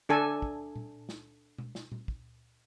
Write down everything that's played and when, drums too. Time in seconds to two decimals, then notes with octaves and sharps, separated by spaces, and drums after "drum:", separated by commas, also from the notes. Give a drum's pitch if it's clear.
0.09 D4 A4 G#5, drum: tom D3
0.42 drum: kick
0.76 drum: tom A#2
1.09 drum: snare
1.58 drum: tom B2
1.75 drum: snare
1.92 drum: tom A#2
2.08 drum: kick